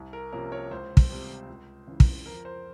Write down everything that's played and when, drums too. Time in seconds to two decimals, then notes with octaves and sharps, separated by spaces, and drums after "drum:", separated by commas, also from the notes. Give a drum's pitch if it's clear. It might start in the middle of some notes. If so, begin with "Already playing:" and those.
Already playing: C2
0.13 A#4
0.32 C3 F3 A#3 C#4 A#4
0.52 A#4 C#5
0.71 C#2 C5
0.97 drum: kick
1.10 C3 G3 C4
1.49 C#2
1.87 C#3 E3
2.00 drum: kick
2.26 F2 A#4
2.45 C5